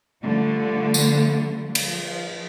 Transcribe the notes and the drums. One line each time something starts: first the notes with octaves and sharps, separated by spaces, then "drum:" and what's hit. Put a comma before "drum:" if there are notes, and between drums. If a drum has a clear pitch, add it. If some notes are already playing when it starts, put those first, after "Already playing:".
D3 F3 G3 A3
drum: tambourine
drum: cymbal
F3